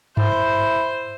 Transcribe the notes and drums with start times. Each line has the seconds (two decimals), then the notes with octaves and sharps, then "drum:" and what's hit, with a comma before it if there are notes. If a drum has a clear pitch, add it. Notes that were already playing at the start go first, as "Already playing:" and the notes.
0.17 E4 C5, drum: tom G2